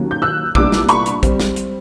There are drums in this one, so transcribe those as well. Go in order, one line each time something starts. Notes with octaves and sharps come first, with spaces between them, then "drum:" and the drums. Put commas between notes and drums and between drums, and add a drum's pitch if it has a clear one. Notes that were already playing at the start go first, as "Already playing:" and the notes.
Already playing: D#2 D#3 F#3 A#3 C#4
G6
E6 F#6
C2 A#2 G3 B3 D4 D6 E6, drum: kick
drum: snare
B5 C#6, drum: hi-hat
drum: hi-hat
G3 C4, drum: kick, hi-hat
drum: snare
drum: hi-hat